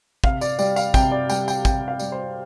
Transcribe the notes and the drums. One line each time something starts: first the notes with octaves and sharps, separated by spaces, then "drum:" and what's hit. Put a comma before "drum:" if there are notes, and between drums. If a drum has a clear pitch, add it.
C3 F5, drum: kick
D5, drum: tambourine
G3 D5, drum: tambourine
F5, drum: tambourine
C3 G5, drum: kick, tambourine
D5
G3 G5, drum: tambourine
G5, drum: tambourine
C3 G5, drum: kick, tambourine
F5
G3 D5, drum: tambourine
C5